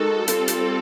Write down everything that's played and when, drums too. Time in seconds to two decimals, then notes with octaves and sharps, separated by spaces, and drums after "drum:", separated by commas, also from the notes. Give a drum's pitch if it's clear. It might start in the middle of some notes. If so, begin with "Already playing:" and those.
Already playing: G#3 D#4 F#4 A4 A#4
0.28 G3 C4 F4, drum: hi-hat
0.48 drum: hi-hat